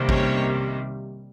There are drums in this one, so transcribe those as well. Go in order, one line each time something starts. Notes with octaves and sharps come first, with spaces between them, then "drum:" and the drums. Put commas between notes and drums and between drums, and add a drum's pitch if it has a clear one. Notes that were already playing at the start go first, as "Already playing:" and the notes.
Already playing: C3 D#3 G3 A#3
C#4 C#5, drum: kick G#1